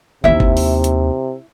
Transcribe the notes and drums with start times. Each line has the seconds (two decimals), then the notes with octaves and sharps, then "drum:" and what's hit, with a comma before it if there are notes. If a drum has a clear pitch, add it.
0.24 D#2 C3 D#4 E4 E5
0.40 drum: kick G1
0.57 drum: open hi-hat
0.84 drum: hi-hat